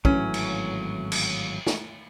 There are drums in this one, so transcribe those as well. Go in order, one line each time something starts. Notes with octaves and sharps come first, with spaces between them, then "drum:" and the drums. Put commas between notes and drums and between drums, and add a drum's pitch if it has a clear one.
G#1 A2 E3 F#3 C#4, drum: kick
drum: cymbal
drum: cymbal
drum: snare